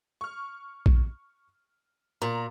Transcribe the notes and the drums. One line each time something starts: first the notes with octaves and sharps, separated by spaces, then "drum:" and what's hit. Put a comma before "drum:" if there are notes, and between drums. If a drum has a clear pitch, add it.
C#6 F6
drum: kick A#1
A#2 A#5